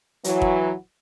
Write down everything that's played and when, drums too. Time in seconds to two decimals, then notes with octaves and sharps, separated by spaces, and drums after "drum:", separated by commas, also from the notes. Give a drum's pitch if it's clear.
0.24 E3 F#3, drum: hi-hat
0.42 drum: kick